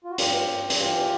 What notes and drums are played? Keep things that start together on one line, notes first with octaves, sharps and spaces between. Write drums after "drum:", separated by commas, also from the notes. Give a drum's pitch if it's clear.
F4
F#4
G2 F4 G4, drum: hi-hat
G2
drum: hi-hat
E3 F4 G4